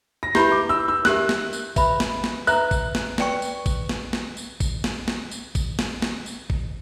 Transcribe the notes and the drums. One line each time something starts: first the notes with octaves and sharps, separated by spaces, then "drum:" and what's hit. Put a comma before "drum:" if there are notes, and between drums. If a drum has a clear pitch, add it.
A#6
E4 G4 B4 E5 B5 G6, drum: snare
D6
E6
E6
D4 G4 A#4 E5 F#6, drum: snare
drum: snare
drum: tambourine
B4 E5 B5, drum: kick, tambourine
drum: snare
drum: snare
B4 E5 A#5 F#6, drum: tambourine
drum: kick, tambourine
drum: snare
B4 D5 G5 C#6, drum: snare
drum: tambourine
drum: kick, tambourine
drum: snare
drum: snare
drum: tambourine
drum: kick, tambourine
drum: snare
drum: snare
drum: tambourine
drum: kick, tambourine
drum: snare
drum: snare
drum: tambourine
drum: kick